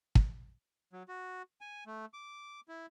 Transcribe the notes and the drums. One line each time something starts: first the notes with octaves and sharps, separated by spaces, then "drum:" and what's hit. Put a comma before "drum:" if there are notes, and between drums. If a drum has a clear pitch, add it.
drum: kick
F#3
F#4
G#5
A3
D6
E4